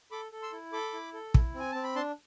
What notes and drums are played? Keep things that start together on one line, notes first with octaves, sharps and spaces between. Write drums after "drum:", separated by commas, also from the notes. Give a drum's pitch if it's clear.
A4 B5 D6
A4
C6 E6
E4
A4 B5 D6
E4
A4
E4, drum: kick
C4
G#5
C4 A5
B5
D4 A5 C6